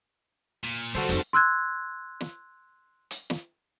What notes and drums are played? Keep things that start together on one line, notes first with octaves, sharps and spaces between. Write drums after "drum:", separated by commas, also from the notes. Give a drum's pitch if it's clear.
A#2
G2 D3 G3 F#4 A4 C5
F2 D#4, drum: hi-hat
C6 E6 F#6 G#6
drum: snare
drum: hi-hat
drum: snare